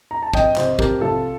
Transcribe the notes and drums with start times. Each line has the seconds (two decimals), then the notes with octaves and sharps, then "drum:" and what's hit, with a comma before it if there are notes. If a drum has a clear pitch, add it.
0.11 A#5
0.23 A5
0.33 F2 D#5 G5, drum: kick
0.56 C3 F3 C5 D#5, drum: clap
0.79 F2 G4 A#4, drum: kick
1.01 C3 F3 F4 A4